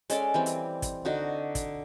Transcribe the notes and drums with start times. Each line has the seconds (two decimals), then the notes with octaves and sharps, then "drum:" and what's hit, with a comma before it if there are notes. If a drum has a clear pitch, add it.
0.10 G#3 C#4 A4 D5, drum: hi-hat
0.34 E3 G3 C4
0.46 drum: hi-hat
0.82 drum: kick, hi-hat
1.05 D3 D#4 F#4
1.55 drum: kick, hi-hat